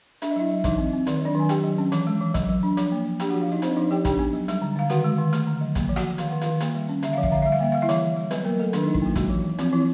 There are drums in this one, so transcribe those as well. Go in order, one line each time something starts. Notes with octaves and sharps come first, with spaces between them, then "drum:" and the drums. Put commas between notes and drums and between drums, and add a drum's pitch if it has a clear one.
D4 E5, drum: hi-hat
D#5
F#3 E4 E5
F#3
E5
E3 D#4 D#5, drum: kick, hi-hat
C4
C4
D#3 D5, drum: hi-hat
C#5
F#3 D4 D5
D#3 G#5
F#3 G4 G5, drum: hi-hat
F#3
C#4
E3, drum: hi-hat
G#3
E3
F#3, drum: kick, hi-hat
F#3
D4
F3, drum: hi-hat
A#3
F3
D4 G4 G5, drum: hi-hat
F#4 F#5
F3
F4 F5
F3 D#4 D#5
C4 D4 C5, drum: hi-hat
F3 D#4 D#5
F3 G4 G5
D4 G4 G5, drum: kick, hi-hat
B3
F#3
G3, drum: hi-hat
D3
D3 F5
D#3 F#4 F#5, drum: hi-hat
G#3
D#3
A3, drum: hi-hat
D3
F#3
A#3, drum: kick, hi-hat
F3
F#4 F#5, drum: rim click
F3
D#3 F5, drum: hi-hat
D#3 F#5
D#3 F4 F5, drum: hi-hat
A#3, drum: hi-hat
G3
C#4
D3 E5, drum: hi-hat
F3 F5
E5, drum: kick
D3 F5
G3 E5
F5
A#3 E5
G3 F5
E4 E5
E3, drum: hi-hat
E3
G3
F#3 B3 B4, drum: hi-hat
F#3 A#3 A#4
F#3 A3 A4
D#3 D4, drum: hi-hat
F#3 D#4
E4, drum: kick
A#3 F4
F#3 G#3 F#4, drum: kick, hi-hat
E3
E3
F3 C4 F4, drum: hi-hat
E3 C4 E4